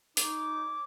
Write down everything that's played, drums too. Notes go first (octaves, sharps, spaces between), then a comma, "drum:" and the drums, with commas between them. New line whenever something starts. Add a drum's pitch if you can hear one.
D#4 C#5 D6, drum: hi-hat